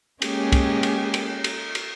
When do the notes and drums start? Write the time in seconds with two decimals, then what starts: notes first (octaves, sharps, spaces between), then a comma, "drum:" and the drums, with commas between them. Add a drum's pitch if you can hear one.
0.22 G#3 A#3 C#4 G4 G#4, drum: cymbal
0.52 drum: kick, cymbal
0.83 drum: cymbal
1.14 drum: cymbal
1.44 drum: cymbal
1.75 drum: cymbal